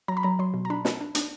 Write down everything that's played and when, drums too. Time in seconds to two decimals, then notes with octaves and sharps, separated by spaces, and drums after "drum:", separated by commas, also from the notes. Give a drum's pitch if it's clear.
0.08 F#3 A#5
0.17 B5
0.23 F#3 A#5
0.39 F#3 C6
0.54 B2
0.65 A#5
0.70 D4 B5
0.85 D4, drum: snare
1.01 D4
1.15 D4, drum: hi-hat